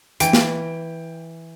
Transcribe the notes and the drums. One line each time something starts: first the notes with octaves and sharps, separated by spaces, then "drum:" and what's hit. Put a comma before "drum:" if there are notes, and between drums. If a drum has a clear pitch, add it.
E3 G5 D7, drum: hi-hat
drum: snare